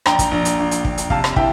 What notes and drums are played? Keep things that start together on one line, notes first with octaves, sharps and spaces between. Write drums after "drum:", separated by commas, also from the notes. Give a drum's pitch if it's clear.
A#1 G5 A#5, drum: rim click
drum: kick, hi-hat
A#1
drum: hi-hat
A#1
drum: hi-hat
A#1, drum: kick
drum: hi-hat
C3 F5 A5, drum: kick
drum: rim click
E3 E5 G5, drum: kick